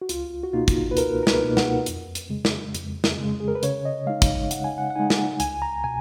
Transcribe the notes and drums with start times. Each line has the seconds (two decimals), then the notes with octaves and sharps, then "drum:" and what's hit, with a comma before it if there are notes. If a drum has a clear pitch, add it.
0.02 F#4
0.09 C#2 F4, drum: hi-hat
0.43 F#4
0.53 B2 A#3 D#4 F4
0.68 drum: kick, hi-hat
0.91 B4
0.97 C#2 A#4, drum: hi-hat
1.23 A#4
1.27 B4, drum: snare
1.42 B2 A#3 D#4
1.57 F#5, drum: snare
1.86 F2, drum: hi-hat
2.15 drum: hi-hat
2.30 C#3 G#3
2.45 drum: snare
2.75 F2, drum: hi-hat
3.04 drum: snare
3.18 C#3 G#3
3.40 G#4
3.48 A#4
3.55 B4
3.63 C#3 C#5, drum: hi-hat
3.85 D#5
4.06 G#3 D#4 F5
4.22 drum: kick, hi-hat
4.51 C#3 F#5, drum: hi-hat
4.64 G#5
4.78 F#5
4.90 F#5
4.95 G#3 D#4 G#5
5.10 drum: snare
5.40 C#2 G#5, drum: hi-hat
5.62 A#5
5.84 B2 G#5